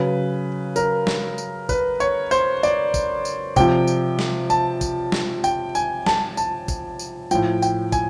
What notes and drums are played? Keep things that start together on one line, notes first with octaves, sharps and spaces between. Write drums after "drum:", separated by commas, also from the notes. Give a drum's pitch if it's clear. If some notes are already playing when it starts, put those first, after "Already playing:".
Already playing: C#3 F#3 B4
A#4, drum: tambourine
drum: snare
drum: tambourine
B4, drum: kick, tambourine
C#5, drum: tambourine
C5, drum: tambourine
D5, drum: tambourine
drum: kick, tambourine
drum: tambourine
C3 F3 G5, drum: kick, tambourine
drum: tambourine
drum: snare
A5, drum: tambourine
drum: kick, tambourine
drum: snare
G5, drum: tambourine
G#5, drum: tambourine
A5, drum: snare
A5, drum: tambourine
drum: kick, tambourine
drum: tambourine
A2 F3 G5, drum: tambourine
G5, drum: tambourine
G#5, drum: kick, tambourine